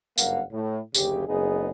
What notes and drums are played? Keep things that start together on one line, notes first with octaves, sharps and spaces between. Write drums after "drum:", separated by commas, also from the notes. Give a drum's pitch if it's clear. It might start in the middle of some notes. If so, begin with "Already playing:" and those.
F#1 G2 A#3 F5 F#5, drum: tambourine
A2
F#1 D2 C#3 G4, drum: tambourine
F#1 B3 D#4 G#4